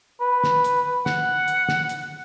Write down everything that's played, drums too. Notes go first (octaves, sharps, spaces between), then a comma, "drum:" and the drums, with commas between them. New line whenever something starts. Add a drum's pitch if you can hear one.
B4
drum: snare
drum: hi-hat
F#5, drum: snare
drum: hi-hat
drum: snare
drum: hi-hat